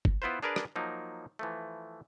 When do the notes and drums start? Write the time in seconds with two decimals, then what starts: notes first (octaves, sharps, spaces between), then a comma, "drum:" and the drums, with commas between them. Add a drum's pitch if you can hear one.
0.05 drum: kick
0.22 B3 E4 F4 B4 C5
0.43 D4 G#4 A#4 B4 D5
0.56 drum: rim click
0.76 F3 F#3 A#3 D#4
1.39 E3 F3 A3